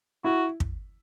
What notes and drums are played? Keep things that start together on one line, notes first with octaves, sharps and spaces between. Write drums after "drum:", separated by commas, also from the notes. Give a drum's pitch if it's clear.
E4 F#4
drum: kick